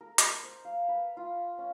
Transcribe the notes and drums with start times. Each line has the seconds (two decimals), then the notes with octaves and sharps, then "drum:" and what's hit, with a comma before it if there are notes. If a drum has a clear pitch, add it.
0.01 A#4
0.18 drum: hi-hat
0.44 C5
0.65 F5
0.88 B4
1.17 F4
1.58 C#4